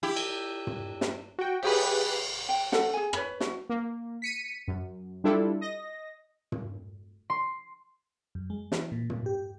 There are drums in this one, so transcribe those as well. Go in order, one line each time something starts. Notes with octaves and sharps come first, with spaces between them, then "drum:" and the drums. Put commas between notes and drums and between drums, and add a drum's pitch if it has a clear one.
E4 G4
drum: cymbal
drum: tom
drum: snare
F#4 G5
G4 G#4 B4, drum: cymbal
G5
A4 F#5, drum: snare
G#4 G#5
B4 C#5 B5, drum: rim click
F#4, drum: snare
A#3
B6 C#7 D#7
F#2
G3 D4 E4 F4 A4
D#5 A#6
drum: tom
C6
F#2
G#3
E3, drum: snare
A#2
drum: tom
G4